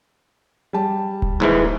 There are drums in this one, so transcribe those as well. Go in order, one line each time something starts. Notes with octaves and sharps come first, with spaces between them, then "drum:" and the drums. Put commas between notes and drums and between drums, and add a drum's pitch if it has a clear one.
G3 A5
drum: kick D1
D#2 G#2 E3